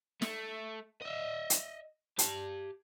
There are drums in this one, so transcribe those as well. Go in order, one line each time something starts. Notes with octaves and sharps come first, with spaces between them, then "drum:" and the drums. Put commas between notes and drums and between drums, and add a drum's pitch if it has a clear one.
A3, drum: snare
D#5 E5
drum: hi-hat
G4 A5, drum: hi-hat